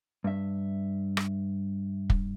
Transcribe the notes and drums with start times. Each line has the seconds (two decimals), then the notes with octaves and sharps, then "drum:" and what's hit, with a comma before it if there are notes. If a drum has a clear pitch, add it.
0.24 G2 E5
1.17 drum: rim click
2.10 drum: kick